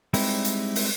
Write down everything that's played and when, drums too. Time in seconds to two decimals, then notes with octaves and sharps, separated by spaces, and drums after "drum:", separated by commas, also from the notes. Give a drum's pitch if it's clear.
0.14 G3 G#3 C4 D#4 E4 G4, drum: open hi-hat
0.45 drum: hi-hat
0.75 drum: open hi-hat